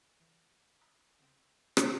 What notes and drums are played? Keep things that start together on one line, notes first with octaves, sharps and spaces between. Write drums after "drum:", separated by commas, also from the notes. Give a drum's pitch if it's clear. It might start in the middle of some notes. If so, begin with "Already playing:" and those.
E3
A#5 B5 D#6 E6 F#6
C#3 C4 G5
E6
drum: rim click